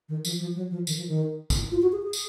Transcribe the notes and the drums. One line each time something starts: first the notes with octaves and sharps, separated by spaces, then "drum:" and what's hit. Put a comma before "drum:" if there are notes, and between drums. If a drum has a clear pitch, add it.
D#3
F3, drum: tambourine
F3
F#3
F3
D#3, drum: tambourine
F3
D#3
drum: kick, tambourine
F4
F#4
G#4
G#4
drum: tambourine